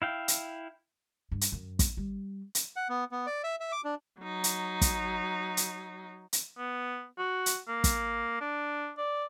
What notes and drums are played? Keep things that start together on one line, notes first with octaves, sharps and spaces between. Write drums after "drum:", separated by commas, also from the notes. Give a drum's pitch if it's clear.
E4 F5 G5
drum: hi-hat
G2
drum: hi-hat
F#2
drum: kick, hi-hat
G3
drum: hi-hat
F#5
B3
B3
D5
E5
E5
D6
D4
F#3 D#4
drum: hi-hat
drum: kick, hi-hat
drum: hi-hat
drum: hi-hat
B3
F#4
drum: hi-hat
A#3
drum: kick, hi-hat
D4
D5